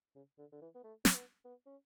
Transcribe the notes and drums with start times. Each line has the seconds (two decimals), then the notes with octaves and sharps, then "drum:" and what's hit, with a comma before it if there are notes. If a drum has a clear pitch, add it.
0.15 C#3
0.38 D3
0.53 D3
0.62 E3
0.75 B3
0.84 A3
1.05 C#4, drum: snare
1.15 B3
1.45 B3
1.66 C#4